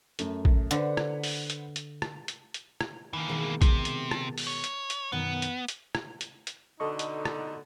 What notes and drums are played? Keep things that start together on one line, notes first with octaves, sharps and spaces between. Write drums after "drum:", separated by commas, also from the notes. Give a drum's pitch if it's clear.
F#2 A3, drum: hi-hat
drum: kick
D3 B4 C5 F#5, drum: hi-hat
drum: rim click
drum: open hi-hat
drum: hi-hat
drum: hi-hat
drum: rim click
drum: hi-hat
drum: hi-hat
drum: rim click
D#3 E3 A#3
B2 D#3 G#3
C3, drum: kick, hi-hat
drum: hi-hat
drum: rim click
drum: open hi-hat
C#5
drum: hi-hat
drum: hi-hat
F#2 B2 D#3 B3
drum: hi-hat
drum: hi-hat
drum: rim click
drum: hi-hat
drum: hi-hat
B2 D3 D#4 A4 D#5 C#6
drum: hi-hat
drum: rim click